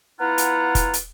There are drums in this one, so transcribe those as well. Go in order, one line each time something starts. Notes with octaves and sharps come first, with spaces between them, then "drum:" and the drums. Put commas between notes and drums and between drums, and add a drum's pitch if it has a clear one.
B3 E4 F4 F#5 A#5
drum: hi-hat
drum: kick F1, hi-hat
drum: hi-hat